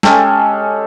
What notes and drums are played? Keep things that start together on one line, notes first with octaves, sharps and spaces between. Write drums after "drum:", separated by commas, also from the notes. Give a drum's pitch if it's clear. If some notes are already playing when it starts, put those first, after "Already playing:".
G#3 C#4 G4 A4, drum: snare